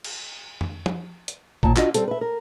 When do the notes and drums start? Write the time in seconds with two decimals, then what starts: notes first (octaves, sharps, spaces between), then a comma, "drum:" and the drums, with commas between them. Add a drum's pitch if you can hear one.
0.04 drum: cymbal
0.61 drum: tom F2
0.86 drum: tom
1.28 drum: hi-hat
1.63 D#2 A#2 A5 A#5, drum: kick A1
1.76 D4 F4 F#4 D#5, drum: clap
1.94 G3 C4 A4, drum: hi-hat
2.08 B4 E5
2.21 A#4